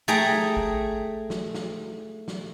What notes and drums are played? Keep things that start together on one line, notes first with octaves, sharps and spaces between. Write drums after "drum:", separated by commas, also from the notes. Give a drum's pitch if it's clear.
A3 G#4 G5 A#5
drum: snare
drum: kick
drum: snare
drum: snare
drum: snare